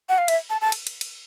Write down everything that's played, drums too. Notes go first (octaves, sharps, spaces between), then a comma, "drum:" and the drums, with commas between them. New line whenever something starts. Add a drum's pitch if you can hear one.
F#5
F5
E5, drum: cymbal
A5
A5
drum: cymbal
drum: cymbal
drum: cymbal